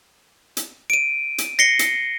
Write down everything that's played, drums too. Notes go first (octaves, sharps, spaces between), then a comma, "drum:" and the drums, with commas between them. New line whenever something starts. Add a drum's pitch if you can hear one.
drum: hi-hat
D7 D#7
drum: hi-hat
A#6 C7 C#7 G7
drum: hi-hat